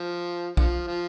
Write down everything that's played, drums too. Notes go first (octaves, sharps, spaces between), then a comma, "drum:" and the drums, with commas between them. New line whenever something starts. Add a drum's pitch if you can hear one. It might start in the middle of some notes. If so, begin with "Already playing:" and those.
Already playing: F3
D3 F3, drum: kick
F3